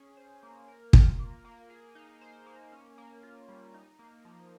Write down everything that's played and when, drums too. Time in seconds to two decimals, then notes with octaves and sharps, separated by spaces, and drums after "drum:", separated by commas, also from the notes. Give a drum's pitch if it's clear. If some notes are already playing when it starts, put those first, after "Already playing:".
Already playing: C#4 G#4
0.17 C5
0.43 A#3
0.68 A#4
0.93 F4, drum: kick
1.19 A#3
1.45 A#3
1.70 G#4
1.95 D#4
2.21 C5
2.46 A#3
2.72 C#4
2.98 A#3
3.23 F4
3.48 G3
3.74 D#4
3.99 A#3
4.25 F3